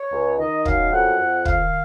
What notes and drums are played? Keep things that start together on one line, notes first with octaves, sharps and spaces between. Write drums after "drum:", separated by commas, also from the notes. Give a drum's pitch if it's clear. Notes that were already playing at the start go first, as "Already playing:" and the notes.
Already playing: C#5
C#2
D#3 D#5
F#2 F5, drum: kick
F2 F#5
F2
D#3 F5, drum: kick